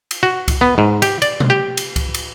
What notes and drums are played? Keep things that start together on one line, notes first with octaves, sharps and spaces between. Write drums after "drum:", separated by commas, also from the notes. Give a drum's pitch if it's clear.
drum: cymbal
F#4
drum: kick C#2, cymbal
B3
G#2
G4, drum: cymbal
D5, drum: cymbal
drum: tom B2
G4
drum: cymbal
drum: kick C#2, cymbal
drum: cymbal